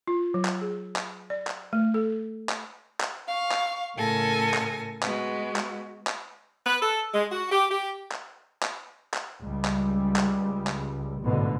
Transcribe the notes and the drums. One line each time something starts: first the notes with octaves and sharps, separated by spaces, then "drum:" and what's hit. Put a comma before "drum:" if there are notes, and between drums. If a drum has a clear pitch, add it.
F4
F#3
drum: clap
G#4
drum: clap
D5
drum: clap
A3
A4
drum: clap
drum: clap
F5 C#6
drum: clap
A2 C#3 A4 A#4 G#5 A#6
drum: clap
G#3 B3 F#4, drum: clap
drum: clap
drum: clap
B4
A4
G#3
F#4
G4
G4
drum: clap
drum: clap
drum: clap
C#2 G3
drum: clap
drum: clap
drum: clap
A1 G#2 B2 D3